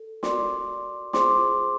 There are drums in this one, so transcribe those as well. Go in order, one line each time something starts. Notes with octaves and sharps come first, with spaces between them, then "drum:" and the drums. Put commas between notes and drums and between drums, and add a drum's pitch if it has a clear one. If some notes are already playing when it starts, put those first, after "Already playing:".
Already playing: A4
F#4 A#4 D5 C6 D6, drum: snare
F4 G#4 C5 C6 D6, drum: snare